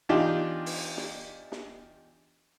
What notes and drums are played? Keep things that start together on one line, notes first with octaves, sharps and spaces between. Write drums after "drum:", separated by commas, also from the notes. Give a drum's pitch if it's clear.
E2 D4 D#4 F4 G4 G5
drum: open hi-hat
drum: snare
drum: snare